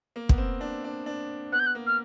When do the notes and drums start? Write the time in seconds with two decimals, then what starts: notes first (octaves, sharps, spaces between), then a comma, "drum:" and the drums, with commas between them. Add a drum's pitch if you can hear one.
0.16 A#3
0.29 B3, drum: kick
0.38 C4
0.61 D4
0.84 D4
1.06 D4
1.52 B3 F#6
1.59 G6
1.66 F#6
1.75 A#3
1.87 F6